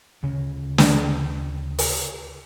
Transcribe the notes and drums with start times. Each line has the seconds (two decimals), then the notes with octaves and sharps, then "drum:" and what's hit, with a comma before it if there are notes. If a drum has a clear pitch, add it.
0.23 D2 C#3 C#4
0.78 drum: snare
1.78 drum: open hi-hat